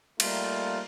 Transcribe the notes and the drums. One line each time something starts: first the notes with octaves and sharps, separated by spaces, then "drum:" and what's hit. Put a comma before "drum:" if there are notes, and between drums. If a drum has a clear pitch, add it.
G3 A3 A#3 D#4 F4, drum: cymbal